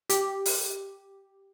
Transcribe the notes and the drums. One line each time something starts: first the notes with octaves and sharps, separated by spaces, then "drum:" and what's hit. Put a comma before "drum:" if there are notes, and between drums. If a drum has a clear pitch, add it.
G4, drum: hi-hat
drum: open hi-hat